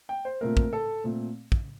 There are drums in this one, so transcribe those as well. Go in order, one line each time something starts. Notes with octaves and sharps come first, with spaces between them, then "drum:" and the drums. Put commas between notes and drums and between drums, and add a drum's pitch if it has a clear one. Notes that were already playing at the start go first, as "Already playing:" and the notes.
G5
C5
A#2 A3 C4 A#4
drum: kick
A4
A#2 A3 C4
drum: kick